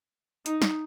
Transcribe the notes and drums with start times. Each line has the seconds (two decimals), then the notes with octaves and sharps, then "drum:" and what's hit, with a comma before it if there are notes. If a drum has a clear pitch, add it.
0.46 D#4, drum: hi-hat
0.62 drum: snare